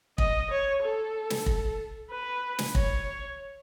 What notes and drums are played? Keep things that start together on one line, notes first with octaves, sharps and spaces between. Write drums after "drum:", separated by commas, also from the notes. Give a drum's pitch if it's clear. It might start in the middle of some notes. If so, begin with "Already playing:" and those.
D#5, drum: kick
C#5
A4
drum: snare
drum: kick
B4
drum: snare
C#5, drum: kick